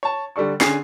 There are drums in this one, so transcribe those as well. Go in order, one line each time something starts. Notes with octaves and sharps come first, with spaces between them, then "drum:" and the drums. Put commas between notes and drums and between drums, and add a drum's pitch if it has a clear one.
C#5 A5
D3 G3 A4 D5 C#6
D3 C#4 G#4 C7, drum: snare